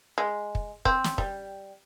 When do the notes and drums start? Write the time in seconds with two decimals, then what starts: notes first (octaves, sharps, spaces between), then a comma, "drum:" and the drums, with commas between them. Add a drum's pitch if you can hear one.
0.18 G#3
0.55 drum: kick
0.85 C4, drum: kick
1.04 drum: snare
1.18 G3, drum: kick